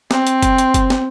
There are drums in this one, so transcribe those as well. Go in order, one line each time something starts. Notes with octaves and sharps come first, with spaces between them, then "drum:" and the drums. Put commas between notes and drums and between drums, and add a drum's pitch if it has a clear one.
C4, drum: snare
drum: hi-hat
drum: kick F#1, hi-hat
drum: hi-hat
drum: kick F#1, hi-hat
drum: snare